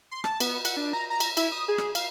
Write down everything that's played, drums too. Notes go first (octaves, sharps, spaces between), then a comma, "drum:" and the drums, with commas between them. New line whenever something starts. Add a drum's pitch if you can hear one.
C6
A5, drum: rim click
B3, drum: cymbal
F#5, drum: cymbal
D4
A#5
A#5
drum: cymbal
E4, drum: cymbal
D#6
G#4
drum: rim click
F5, drum: cymbal